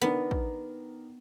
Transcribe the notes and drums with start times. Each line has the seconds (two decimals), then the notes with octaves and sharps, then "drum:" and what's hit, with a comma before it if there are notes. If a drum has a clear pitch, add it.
0.01 D#3 B3 D4 A#4
0.31 drum: kick